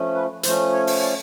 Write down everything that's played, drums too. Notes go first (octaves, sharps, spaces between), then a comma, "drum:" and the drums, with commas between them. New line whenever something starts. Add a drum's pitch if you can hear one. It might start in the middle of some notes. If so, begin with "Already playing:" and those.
Already playing: F3 A3 C#4
B4
F3 A3 C#4 C5, drum: hi-hat
C#5
drum: open hi-hat
D5